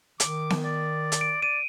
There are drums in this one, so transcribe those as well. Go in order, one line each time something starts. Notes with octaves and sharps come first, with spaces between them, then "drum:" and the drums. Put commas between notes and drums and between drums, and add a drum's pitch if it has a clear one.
D#3 D6, drum: hi-hat
drum: snare B3
D5
drum: hi-hat
D7
D5 D#7